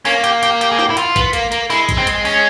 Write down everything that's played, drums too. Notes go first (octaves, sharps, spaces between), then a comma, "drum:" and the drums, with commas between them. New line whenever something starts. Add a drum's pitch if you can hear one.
A#3 C#4, drum: open hi-hat
G4, drum: hi-hat
G4, drum: hi-hat
G4, drum: hi-hat
G#4
G4, drum: snare
E4
F4, drum: hi-hat
B3, drum: kick A1, hi-hat
A#3, drum: hi-hat
A#3, drum: hi-hat
G#3 E4, drum: open hi-hat
drum: kick A1, hi-hat
C4
drum: hi-hat
C#4, drum: open hi-hat